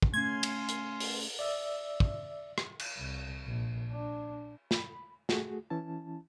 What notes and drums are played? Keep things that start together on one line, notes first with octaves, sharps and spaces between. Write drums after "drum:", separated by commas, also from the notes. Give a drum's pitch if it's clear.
drum: kick
A3 C#4 F5 G#5 C6 G#6
drum: cymbal
drum: hi-hat
drum: open hi-hat
D5 E5 E6
drum: kick
drum: rim click
drum: cymbal
C2
A#1
D4
B5, drum: snare
A3 F#4 G#4, drum: snare
E3 C#4 E4 A5